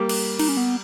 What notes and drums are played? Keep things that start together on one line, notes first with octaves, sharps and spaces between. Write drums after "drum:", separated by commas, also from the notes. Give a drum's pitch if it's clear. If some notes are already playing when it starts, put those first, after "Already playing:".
Already playing: G3 A#3
drum: cymbal
D#4, drum: cymbal
C#4
B3